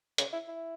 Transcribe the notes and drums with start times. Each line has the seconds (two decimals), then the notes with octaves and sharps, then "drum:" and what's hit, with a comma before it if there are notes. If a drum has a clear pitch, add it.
0.18 C#3, drum: hi-hat
0.33 E4
0.48 E4